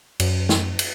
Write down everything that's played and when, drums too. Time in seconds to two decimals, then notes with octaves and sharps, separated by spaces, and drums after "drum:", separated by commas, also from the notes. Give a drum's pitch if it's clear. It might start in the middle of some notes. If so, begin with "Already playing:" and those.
0.20 F#2, drum: cymbal
0.49 drum: snare
0.79 drum: cymbal